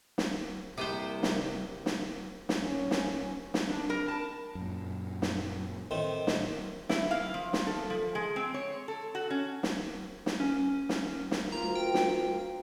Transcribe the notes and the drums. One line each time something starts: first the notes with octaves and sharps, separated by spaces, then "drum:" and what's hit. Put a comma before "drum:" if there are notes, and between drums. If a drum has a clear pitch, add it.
drum: snare
C2 C3 A#3 B3 G4 C5
drum: snare
drum: snare
drum: snare
C#4
drum: snare
drum: snare
D4
A#4
A5
F#2 A#2
drum: snare
A2 D#3 C4
drum: snare
E4, drum: snare
F5
F3
drum: snare
A4
F3
G#3
C4
C#5
A4
F#4
C#4
drum: snare
drum: snare
C#4
drum: snare
drum: snare
D2 F4 A#4 A#5
G5
drum: snare